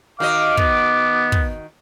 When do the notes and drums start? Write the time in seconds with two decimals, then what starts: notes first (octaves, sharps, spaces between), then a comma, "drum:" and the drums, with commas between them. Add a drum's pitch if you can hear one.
0.20 D#3 F#4 D#5 F5 D6
0.57 B3, drum: kick
1.32 drum: kick